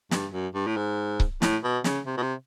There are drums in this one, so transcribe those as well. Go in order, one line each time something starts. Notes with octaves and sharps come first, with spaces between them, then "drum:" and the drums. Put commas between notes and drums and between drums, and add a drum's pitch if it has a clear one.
G2, drum: snare
F#2
G2
A2
G#2
drum: kick C#1
A2, drum: snare
B2
C#3, drum: snare
C3
B2
C3